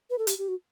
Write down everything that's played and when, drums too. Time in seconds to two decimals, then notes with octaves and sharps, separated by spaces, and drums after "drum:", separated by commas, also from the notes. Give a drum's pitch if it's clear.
0.10 B4
0.19 A4
0.27 G4, drum: hi-hat
0.38 G4
0.48 F#4